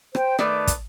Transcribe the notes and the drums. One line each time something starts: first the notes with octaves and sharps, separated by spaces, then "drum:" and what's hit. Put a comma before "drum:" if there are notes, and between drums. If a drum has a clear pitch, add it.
C5 G5, drum: rim click
D#3 A3 B4 D5, drum: rim click
drum: kick, hi-hat